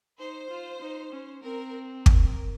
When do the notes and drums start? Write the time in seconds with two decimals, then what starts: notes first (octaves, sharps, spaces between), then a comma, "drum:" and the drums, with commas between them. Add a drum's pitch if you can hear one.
0.20 D#4 C5
0.50 F4
0.82 D#4
1.12 C#4
1.44 C4 A#4
2.06 A#4, drum: kick